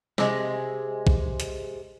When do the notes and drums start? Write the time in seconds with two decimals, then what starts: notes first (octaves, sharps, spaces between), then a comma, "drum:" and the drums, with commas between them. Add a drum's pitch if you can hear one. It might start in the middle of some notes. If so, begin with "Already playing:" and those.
0.18 C3 G#3, drum: snare
1.07 drum: kick A#1
1.40 drum: hi-hat